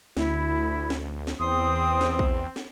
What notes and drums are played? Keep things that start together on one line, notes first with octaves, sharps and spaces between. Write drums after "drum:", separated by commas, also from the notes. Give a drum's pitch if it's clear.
D2 E4, drum: snare
drum: snare
drum: snare
E2 C4 C6 D#6
drum: snare
drum: kick
drum: snare